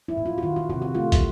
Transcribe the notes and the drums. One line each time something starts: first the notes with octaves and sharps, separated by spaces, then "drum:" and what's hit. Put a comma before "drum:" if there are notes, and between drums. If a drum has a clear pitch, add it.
E4
A#2
F4
F#4
D#3 F4
F#4
C3 F#4
F#4
A3 F4
drum: kick, hi-hat